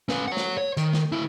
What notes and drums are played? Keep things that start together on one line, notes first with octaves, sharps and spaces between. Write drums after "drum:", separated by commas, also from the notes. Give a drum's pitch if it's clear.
C#4 B4, drum: snare
C#5 F#5
drum: snare
C#5
D#3, drum: hi-hat
drum: snare
D3 E4